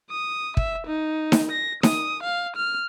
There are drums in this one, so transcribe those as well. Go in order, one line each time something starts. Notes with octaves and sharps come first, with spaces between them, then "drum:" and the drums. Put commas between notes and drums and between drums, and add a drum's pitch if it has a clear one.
D#6
E5, drum: kick
D#4
drum: snare D#4
A#6
D#6, drum: snare D#4
F5
F6